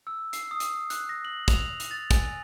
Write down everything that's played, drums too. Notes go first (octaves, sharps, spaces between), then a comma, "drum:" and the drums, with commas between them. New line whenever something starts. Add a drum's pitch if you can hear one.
E6
C7, drum: hi-hat
D#6
drum: hi-hat
F#6, drum: hi-hat
A#6
F#7
F7, drum: kick, hi-hat
drum: hi-hat
A6
G#5, drum: kick, hi-hat